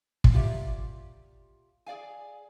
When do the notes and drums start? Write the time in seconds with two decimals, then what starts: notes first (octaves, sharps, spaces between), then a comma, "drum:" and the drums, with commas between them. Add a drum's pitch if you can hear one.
0.24 drum: kick
0.34 A#3 F4 G4 D5 E5
1.86 G#4 D5 F5 G#5